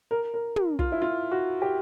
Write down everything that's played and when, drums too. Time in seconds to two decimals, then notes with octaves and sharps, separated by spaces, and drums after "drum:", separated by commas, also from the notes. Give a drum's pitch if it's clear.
0.11 A#4
0.34 A#4
0.56 drum: tom
0.79 F4, drum: kick
0.92 E4
1.02 F4
1.31 F#4
1.62 G4